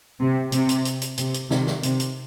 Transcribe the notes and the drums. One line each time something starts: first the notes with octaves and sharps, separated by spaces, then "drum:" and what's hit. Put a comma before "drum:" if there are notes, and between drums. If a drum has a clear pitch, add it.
C3
C3, drum: hi-hat
drum: hi-hat
drum: hi-hat
drum: hi-hat
C3, drum: hi-hat
drum: hi-hat
C3 D#3, drum: snare
drum: snare
C3, drum: hi-hat
drum: hi-hat